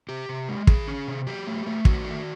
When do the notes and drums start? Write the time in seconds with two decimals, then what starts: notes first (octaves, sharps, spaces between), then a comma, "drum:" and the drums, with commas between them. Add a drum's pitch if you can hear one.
0.09 C3 G4
0.29 C3
0.49 G#3
0.67 D#3 G#4, drum: kick
0.87 C#4
1.08 C3
1.27 F#3 G4
1.47 A3
1.67 A3
1.85 D#3 F#4, drum: kick
2.05 A3